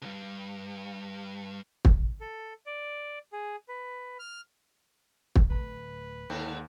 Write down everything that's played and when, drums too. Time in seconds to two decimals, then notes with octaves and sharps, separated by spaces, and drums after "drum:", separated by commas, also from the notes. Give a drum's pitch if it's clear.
0.02 C#2 G2
1.85 drum: kick
2.21 A4
2.66 D5
3.33 G#4
3.69 B4
4.19 F6
5.36 drum: kick
5.50 D1 A3 B4
6.30 D#2 G#2 D3 C4